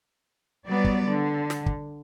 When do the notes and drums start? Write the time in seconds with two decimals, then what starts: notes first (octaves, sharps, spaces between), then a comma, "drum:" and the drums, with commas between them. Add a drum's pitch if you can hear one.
0.68 F#3 G3 B3 D5
0.85 drum: kick
1.09 D3
1.50 drum: snare
1.66 drum: kick